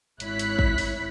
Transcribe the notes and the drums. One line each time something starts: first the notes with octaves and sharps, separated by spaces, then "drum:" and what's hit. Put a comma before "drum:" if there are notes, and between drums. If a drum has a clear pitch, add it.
G#1 E4 C#5 F#6 B6, drum: hi-hat
drum: hi-hat
drum: kick
drum: open hi-hat